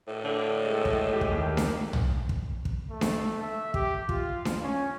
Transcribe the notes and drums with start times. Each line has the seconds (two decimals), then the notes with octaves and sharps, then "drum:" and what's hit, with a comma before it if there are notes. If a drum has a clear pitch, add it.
0.08 A2
0.24 D3
0.65 G#3
0.85 drum: kick
1.09 A3 G4
1.21 drum: kick
1.32 D#2
1.57 drum: snare D4
1.93 drum: tom
2.29 drum: kick
2.65 drum: kick
2.90 A3
3.01 drum: snare D4
3.42 E5
3.74 G4, drum: kick
4.09 F4, drum: kick
4.45 drum: snare D4
4.63 C#4